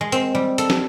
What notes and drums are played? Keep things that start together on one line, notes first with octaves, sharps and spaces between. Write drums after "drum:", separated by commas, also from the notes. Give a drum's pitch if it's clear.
G#3
C4, drum: hi-hat
G3
A4, drum: hi-hat
drum: snare